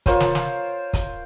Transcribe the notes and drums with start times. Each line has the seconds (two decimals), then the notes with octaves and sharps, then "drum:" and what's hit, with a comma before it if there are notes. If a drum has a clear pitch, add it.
0.06 F4 A#4 C5 C#5, drum: kick, hi-hat
0.20 drum: snare
0.35 drum: snare
0.93 drum: kick, hi-hat